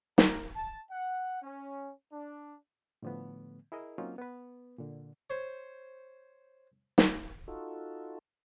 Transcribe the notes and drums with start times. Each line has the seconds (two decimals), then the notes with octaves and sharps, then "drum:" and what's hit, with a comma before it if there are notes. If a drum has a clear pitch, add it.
0.18 A#4, drum: snare
0.56 A5
0.91 F#5
1.42 C#4
2.12 D4
3.03 A2 D3 F3 A3 B3
3.72 E4 G#4 A#4 D#5
3.98 F#3 A#3 C4 C#4 D#4 F4
4.18 B3 B4
4.78 A#2 D3
5.30 C5 C#5
6.98 drum: snare
7.48 D#4 F4 F#4 A4